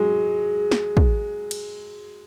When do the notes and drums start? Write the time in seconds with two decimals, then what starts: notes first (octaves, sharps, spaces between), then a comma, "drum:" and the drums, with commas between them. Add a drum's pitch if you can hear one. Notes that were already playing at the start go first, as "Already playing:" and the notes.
Already playing: F#3 G#3
0.71 drum: snare
0.97 drum: kick
1.51 drum: cymbal